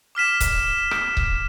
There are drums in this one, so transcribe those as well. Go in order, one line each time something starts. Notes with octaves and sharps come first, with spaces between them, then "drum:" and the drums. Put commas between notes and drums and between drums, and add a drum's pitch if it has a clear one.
D6 F6 B6 E7
drum: kick C#1, hi-hat
drum: rim click
drum: kick C#1